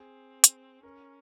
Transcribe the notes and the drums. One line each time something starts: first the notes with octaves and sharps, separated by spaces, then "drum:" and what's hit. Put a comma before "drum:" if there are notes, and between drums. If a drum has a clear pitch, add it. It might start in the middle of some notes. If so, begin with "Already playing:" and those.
Already playing: C4 G#4
drum: hi-hat
C#4 A#4